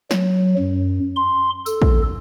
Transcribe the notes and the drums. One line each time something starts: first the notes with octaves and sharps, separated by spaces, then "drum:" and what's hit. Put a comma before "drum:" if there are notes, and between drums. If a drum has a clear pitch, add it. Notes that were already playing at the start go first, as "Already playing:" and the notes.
F#3, drum: snare
F#2
C6
A4, drum: tambourine
drum: kick